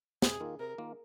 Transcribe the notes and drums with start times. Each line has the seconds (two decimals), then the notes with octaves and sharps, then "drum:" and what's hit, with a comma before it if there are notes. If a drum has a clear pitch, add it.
0.22 C3 G#4, drum: snare
0.40 D#3 A#3 F4
0.59 C3 A#4
0.78 D#3 A#3 F4